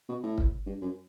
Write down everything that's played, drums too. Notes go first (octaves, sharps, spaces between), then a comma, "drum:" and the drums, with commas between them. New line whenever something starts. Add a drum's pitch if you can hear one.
B2
A2
drum: kick C#1
G2
F#2